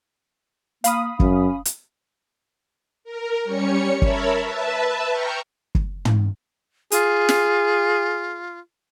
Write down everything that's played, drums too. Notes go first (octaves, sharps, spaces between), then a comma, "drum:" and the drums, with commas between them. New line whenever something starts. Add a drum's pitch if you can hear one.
A#3 F5 B5 D#6, drum: hi-hat
F#2 C#4, drum: kick
drum: hi-hat
A#4
G3 C#4 C#5 C#7
A#4 C#5 E5 A5 B5, drum: kick
B4 E5 A5
G5 A#5 C#6 F6 G6
drum: kick
drum: tom
F4 G#4, drum: hi-hat
drum: snare